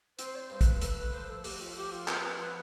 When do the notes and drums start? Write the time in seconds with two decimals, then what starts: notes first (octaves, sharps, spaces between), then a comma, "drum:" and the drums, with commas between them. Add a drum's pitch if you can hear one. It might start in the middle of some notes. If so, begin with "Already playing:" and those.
0.19 C4 C5, drum: hi-hat
0.35 D5
0.39 C5
0.50 G2 C5
0.61 B4, drum: kick, hi-hat
0.82 A3 B4, drum: hi-hat
0.98 B4
1.13 F3 C5
1.29 A4
1.44 A3 G4, drum: open hi-hat
1.61 F4
1.76 F3 G4
1.92 F4
2.08 C4 B4, drum: clap
2.24 B4
2.39 F3 B4